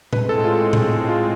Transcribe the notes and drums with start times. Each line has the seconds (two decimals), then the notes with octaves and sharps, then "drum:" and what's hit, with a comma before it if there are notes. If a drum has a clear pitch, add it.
0.13 A2 G#3 C4 B4, drum: tom
0.29 A4
0.45 F4
0.73 drum: tom
1.09 F4